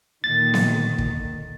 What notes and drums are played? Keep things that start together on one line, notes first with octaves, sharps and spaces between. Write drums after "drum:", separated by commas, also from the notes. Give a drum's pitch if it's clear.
A#2 D3 D#3 A6
drum: snare B3
drum: kick